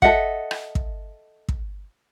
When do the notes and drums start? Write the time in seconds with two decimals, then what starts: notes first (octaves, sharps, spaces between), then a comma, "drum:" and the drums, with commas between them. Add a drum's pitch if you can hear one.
0.02 A4 D#5 E5 F#5, drum: kick
0.51 drum: rim click
0.75 drum: kick
1.49 drum: kick